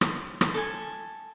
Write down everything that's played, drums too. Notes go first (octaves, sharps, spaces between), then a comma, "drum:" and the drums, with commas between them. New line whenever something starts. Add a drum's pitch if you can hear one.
drum: rim click
drum: rim click
A4 G#5